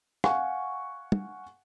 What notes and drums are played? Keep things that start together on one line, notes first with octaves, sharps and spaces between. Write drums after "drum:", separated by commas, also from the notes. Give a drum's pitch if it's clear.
F5 F#5 G#5 C#6, drum: rim click
drum: tom